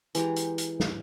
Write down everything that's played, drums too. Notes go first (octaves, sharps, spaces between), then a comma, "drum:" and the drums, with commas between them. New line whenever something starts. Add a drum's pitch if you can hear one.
E3 G#3 G4 A#5, drum: hi-hat
drum: hi-hat
drum: hi-hat
drum: snare